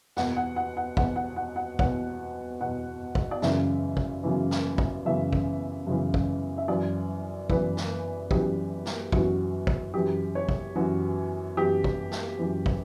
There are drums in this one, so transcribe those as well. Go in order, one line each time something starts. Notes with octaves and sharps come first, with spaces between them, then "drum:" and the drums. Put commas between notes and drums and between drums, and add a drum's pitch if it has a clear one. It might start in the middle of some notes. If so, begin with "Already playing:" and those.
E2 B2 F#5, drum: snare
F#5
F#5
F#5
E2 B2 F#5, drum: kick
F#5
F#5
F#5
E2 B2 F#5, drum: kick
E2 B2 F#5
drum: kick
D5
F#2 C#3 E3 E5, drum: snare
drum: kick
F#2 C#3 E3
drum: snare
drum: kick
F#2 C#3 E3 E5
drum: kick
F#2 C#3 E3
drum: kick
E5
F#2 E3 D5
F#2 E3 B4, drum: kick
drum: snare
F#2 E3 G4, drum: kick
drum: snare
F#2 E3 F#4, drum: kick
drum: kick
F#2 E3 G4
C#5
drum: kick
F#2 E3 F#4
F#2 E3 G4
drum: kick
drum: snare
F#2 E3
drum: kick